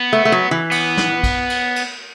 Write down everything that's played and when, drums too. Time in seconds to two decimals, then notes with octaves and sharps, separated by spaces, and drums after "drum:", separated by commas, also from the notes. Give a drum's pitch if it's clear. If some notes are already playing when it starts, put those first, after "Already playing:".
Already playing: B3
0.13 A3
0.25 A3
0.32 F#3
0.51 E3
0.71 B3, drum: cymbal
0.97 drum: snare
1.24 drum: kick A#1, cymbal
1.50 drum: cymbal
1.76 drum: cymbal